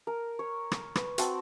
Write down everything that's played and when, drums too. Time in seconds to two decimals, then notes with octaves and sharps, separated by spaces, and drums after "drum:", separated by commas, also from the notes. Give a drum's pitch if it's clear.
0.07 A#4
0.39 C#5
0.72 drum: rim click
0.95 B4, drum: rim click
1.18 C4 F#4 G5 A5, drum: hi-hat